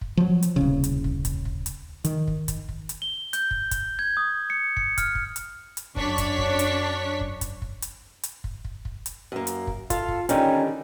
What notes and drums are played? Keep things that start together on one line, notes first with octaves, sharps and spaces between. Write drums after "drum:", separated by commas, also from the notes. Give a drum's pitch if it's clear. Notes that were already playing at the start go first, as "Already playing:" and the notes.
drum: kick
F3 F#3
drum: hi-hat
D#1 C2 C#3
drum: hi-hat
drum: kick
drum: kick, hi-hat
drum: kick
drum: hi-hat
D#3, drum: hi-hat
drum: kick
drum: kick, hi-hat
drum: kick
drum: hi-hat
G7
G6, drum: hi-hat
drum: kick
drum: kick, hi-hat
G#6
D#6
C#7
C#7, drum: kick
F6, drum: kick, hi-hat
drum: kick
drum: hi-hat
drum: hi-hat
F#2 D4 C#5 C#6 B6, drum: kick
drum: kick, hi-hat
drum: kick
drum: hi-hat
drum: kick
drum: kick, hi-hat
drum: kick
drum: hi-hat
drum: hi-hat
drum: kick
drum: kick
drum: kick
drum: hi-hat
F#2 A#3
drum: hi-hat
drum: kick
F4 A4 F5, drum: kick, hi-hat
drum: kick
D3 D#3 G3 C#4 D#4, drum: hi-hat